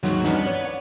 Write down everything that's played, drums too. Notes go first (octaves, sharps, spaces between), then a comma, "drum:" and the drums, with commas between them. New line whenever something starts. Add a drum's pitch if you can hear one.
D#2 G#2 F#3, drum: snare
G2 B3 C#4 D#4 F#5, drum: snare
C#5 D5